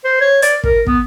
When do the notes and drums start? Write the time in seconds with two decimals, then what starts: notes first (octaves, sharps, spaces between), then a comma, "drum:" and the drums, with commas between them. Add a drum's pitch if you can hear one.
0.04 C5
0.21 C#5
0.42 D5, drum: hi-hat
0.64 A#4, drum: kick
0.87 B3, drum: kick